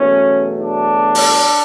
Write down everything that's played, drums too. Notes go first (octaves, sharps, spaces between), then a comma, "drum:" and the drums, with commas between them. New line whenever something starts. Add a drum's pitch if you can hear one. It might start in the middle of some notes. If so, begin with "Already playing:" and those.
Already playing: E2 B2 F#3 A3 C#4
D4
drum: open hi-hat